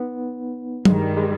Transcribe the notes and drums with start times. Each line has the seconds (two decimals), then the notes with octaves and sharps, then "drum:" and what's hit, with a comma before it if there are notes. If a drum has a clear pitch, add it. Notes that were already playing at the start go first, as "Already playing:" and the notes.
Already playing: B3 D#4
0.85 G2 D#3 G3 G#3, drum: tom F#3
1.17 G#3